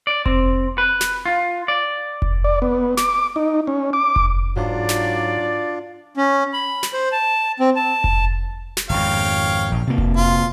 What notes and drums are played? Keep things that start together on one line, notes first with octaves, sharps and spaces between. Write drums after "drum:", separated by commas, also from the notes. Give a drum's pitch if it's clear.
D5
C4, drum: kick F1
B4
drum: snare
F4
D5
drum: kick F1
D5
B3
D6, drum: snare
D#4
C#4
D6
drum: kick F1
G#2 F#3 D4 F4 D5
drum: snare
C#4
B5
drum: snare
C5
A5
C4
A5
drum: kick F1
drum: snare
G#1 F2 C#5 F5 G5
A#1
C3 A#3
drum: kick F1
F4